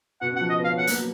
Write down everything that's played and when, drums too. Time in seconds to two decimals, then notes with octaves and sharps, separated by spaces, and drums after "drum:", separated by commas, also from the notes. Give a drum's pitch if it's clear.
0.21 B2 F#5
0.31 C#3
0.36 F#5
0.40 F3
0.49 D#5
0.60 B3 F5
0.68 C#4
0.78 B3 F#5
0.87 A#3, drum: hi-hat
0.97 F#3